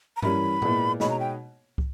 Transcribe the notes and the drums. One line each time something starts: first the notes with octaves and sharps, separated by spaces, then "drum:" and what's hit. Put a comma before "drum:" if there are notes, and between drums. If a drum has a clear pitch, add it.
A#5
E3 G3 C#4 E4 A#4 B5, drum: tom
A#2 G#3 B3 E4, drum: tom G#2
B2 G#3 D#4 G#4 C#5 B5, drum: snare
A#5
G5
drum: kick